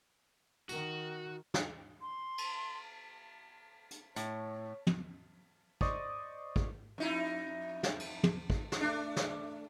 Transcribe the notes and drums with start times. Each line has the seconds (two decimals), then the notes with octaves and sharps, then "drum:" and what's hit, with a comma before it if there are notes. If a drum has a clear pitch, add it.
0.69 D#3 F#4, drum: tambourine
1.54 drum: snare
2.01 C6
2.38 drum: cymbal
3.91 drum: hi-hat
4.16 A2 C#5, drum: hi-hat
4.87 drum: tom
5.81 C5 D5 D#5 C#6, drum: kick
6.56 drum: kick
6.98 F2 D#4 E4
7.83 drum: snare
8.00 drum: cymbal
8.23 drum: tom
8.50 drum: kick
8.72 drum: snare
8.81 A3 D4
9.16 drum: snare